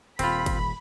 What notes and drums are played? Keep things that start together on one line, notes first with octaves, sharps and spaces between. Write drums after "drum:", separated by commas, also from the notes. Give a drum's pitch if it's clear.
D#1 C4 F4 B5, drum: cymbal
drum: kick G1, cymbal